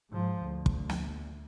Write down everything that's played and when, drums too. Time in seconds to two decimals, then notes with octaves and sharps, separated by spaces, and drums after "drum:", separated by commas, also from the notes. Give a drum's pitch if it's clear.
0.10 G#2 F3
0.42 D2
0.66 drum: kick
0.89 drum: snare